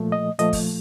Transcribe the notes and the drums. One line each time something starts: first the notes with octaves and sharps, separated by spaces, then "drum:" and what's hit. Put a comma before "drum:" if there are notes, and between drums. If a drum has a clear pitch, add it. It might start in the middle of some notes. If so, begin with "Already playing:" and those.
Already playing: A#2 F3 A3
D#5
A#2 F3 A3 D#5, drum: hi-hat
drum: kick, open hi-hat